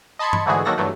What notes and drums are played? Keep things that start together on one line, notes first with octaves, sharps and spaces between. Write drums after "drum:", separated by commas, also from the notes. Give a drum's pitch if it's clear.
D#5 A5 B5 C6 G#6 C#7
drum: tom G2
G#2 D3 E3 A3 F#4 G#4
D#3 F#3 A#3 F#4 A4 A#6
G2 E3 F#3 A3